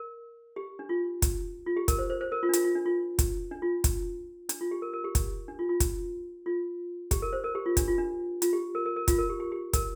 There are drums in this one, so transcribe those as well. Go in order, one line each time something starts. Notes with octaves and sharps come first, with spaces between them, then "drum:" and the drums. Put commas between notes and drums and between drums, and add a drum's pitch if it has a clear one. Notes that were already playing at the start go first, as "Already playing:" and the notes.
Already playing: A#4
G4
D4
F4
drum: kick, hi-hat
F4
G4
A#4, drum: kick, hi-hat
C5
C5
C5
A#4
F4
D4
F4, drum: hi-hat
F4
D4
F4
drum: kick, hi-hat
D4
F4
drum: kick, hi-hat
D4, drum: hi-hat
F4
G4
A#4
A#4
G4
drum: kick, hi-hat
D4
F4
F4
drum: kick, hi-hat
F4
G4, drum: kick, hi-hat
A#4
C5
A#4
G4
F4
D4, drum: kick, hi-hat
F4
D4
F4, drum: hi-hat
G4
A#4
A#4
A#4
F4, drum: kick, hi-hat
A#4
G4
G4
G4
A#4, drum: kick, hi-hat